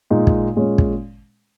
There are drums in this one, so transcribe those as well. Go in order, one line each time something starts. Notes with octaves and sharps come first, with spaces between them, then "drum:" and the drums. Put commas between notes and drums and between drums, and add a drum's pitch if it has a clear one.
A#2 G#3 D#4
drum: kick
A#2 G#3 C#4
drum: kick